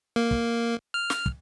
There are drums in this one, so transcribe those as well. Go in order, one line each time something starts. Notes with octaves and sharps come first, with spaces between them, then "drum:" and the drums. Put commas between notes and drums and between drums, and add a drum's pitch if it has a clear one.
A#3
drum: kick
F6
drum: snare
drum: kick